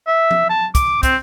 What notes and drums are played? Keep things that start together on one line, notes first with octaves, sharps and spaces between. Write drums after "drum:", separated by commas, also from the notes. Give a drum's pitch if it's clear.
E5
drum: tom F3
A5
D6, drum: kick, hi-hat
C4, drum: kick, hi-hat